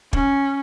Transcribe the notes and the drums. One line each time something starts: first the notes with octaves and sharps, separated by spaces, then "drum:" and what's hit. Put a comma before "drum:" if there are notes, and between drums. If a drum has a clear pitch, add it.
C#4, drum: kick